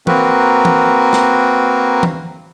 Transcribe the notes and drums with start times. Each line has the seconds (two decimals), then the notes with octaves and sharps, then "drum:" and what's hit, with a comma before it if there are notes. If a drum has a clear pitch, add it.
0.07 A#3 C4 F#4 A#4 B4, drum: tom E3
0.65 drum: tom E3
1.13 drum: snare
2.03 drum: tom E3